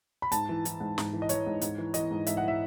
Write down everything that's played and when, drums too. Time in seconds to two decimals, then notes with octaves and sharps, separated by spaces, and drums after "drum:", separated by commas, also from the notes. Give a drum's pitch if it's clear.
0.22 B5
0.32 G#2 A5, drum: hi-hat
0.49 E3
0.65 E3, drum: hi-hat
0.80 G#2
0.98 G#2, drum: snare
1.13 E3
1.22 D#5
1.29 E3 C#5, drum: hi-hat
1.46 G#2
1.61 G#2, drum: hi-hat
1.78 E3
1.94 E3 D#5, drum: hi-hat
2.11 G#2
2.27 G#2 E5, drum: hi-hat
2.37 F#5
2.43 E3 E5